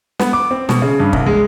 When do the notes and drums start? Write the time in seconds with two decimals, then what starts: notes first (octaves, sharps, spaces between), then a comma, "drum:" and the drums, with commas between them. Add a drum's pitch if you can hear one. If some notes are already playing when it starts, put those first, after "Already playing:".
0.19 B3, drum: snare
0.33 D6
0.51 C4
0.69 B2, drum: snare
0.82 C#3
1.00 G2
1.13 C2, drum: kick
1.26 G#3